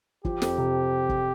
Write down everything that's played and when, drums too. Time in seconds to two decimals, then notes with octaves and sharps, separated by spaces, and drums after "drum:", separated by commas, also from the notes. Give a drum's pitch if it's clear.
0.25 F3 G4, drum: kick
0.42 F2, drum: snare
0.58 C3
1.09 drum: kick